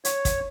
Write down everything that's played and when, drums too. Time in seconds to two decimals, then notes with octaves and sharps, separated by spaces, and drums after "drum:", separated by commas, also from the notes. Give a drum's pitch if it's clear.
0.05 C#5, drum: hi-hat
0.25 drum: kick, hi-hat